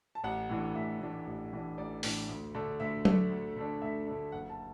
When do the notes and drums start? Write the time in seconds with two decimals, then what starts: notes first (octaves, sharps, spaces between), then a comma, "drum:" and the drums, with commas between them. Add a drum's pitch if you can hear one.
0.15 A5
0.24 A1 F#5
0.49 A2 E3 D4
0.75 A1 E5
1.01 A2 E3 D4
1.27 A1
1.53 A2 E3 D4
1.78 A1 D5
2.03 A2 E3 D4, drum: open hi-hat
2.29 D2
2.54 D3 A3 D4
2.80 D2 E5
3.05 D3 A3 D4, drum: tom F#3
3.30 D2
3.56 D3 A3 D4
3.82 D2 E5
4.07 D3 A3 D4
4.32 F#1 F#5
4.50 A5